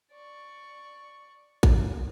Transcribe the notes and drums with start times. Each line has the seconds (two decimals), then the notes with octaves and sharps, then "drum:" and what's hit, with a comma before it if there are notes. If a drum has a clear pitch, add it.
0.11 D5 C#6
1.63 drum: kick A1